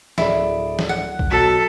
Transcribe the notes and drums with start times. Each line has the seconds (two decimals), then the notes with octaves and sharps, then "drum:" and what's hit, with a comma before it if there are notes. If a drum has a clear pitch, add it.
0.18 D1 E4 G#4 D5, drum: snare
0.79 drum: snare
0.89 F#5
1.19 drum: kick A#1
1.30 B2 F#3 A4 B6